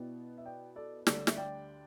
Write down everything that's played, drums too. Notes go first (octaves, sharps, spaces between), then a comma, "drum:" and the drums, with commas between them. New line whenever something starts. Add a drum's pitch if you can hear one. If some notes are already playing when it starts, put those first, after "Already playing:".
Already playing: B2 B3 E4 D5 G5
E5
D5 G5
A4 D5
D2 D3 G3 D4 A4 D5, drum: snare
E5, drum: snare
D5 G5